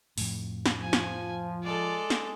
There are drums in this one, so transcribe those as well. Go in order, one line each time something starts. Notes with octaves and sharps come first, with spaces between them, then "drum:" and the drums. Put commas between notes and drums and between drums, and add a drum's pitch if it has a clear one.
F2 A2, drum: open hi-hat
drum: snare
F3 G#5
drum: snare
G#3 A4 D5
drum: snare